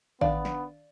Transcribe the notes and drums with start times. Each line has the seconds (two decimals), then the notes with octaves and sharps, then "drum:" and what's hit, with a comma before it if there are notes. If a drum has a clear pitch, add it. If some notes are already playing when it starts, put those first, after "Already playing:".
0.21 D#3 B3 D4 D5 F5, drum: kick
0.45 drum: snare